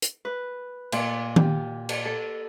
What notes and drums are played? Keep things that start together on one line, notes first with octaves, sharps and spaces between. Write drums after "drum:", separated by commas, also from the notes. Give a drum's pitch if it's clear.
drum: hi-hat
B4
A#2, drum: cymbal
G4, drum: tom D#3
drum: cymbal
A4